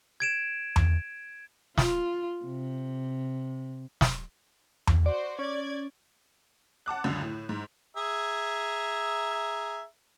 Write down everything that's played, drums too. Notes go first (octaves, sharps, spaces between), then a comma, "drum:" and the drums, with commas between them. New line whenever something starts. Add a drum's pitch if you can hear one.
G#6 D7 E7
drum: tom E2
F4, drum: snare
C3
drum: snare
drum: tom E2
F#4 C5 D5
C#4 D5 G#6
F#5 A5 D6 F#6
C#2 F#2 D3
A2
G#2
G#4 E5 A#5